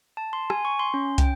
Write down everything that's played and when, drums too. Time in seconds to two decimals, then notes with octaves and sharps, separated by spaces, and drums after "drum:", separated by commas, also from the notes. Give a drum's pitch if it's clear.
0.17 A5
0.33 C6
0.50 G#5, drum: rim click
0.65 C#6
0.79 C6
0.94 C#4
1.18 G5, drum: kick, hi-hat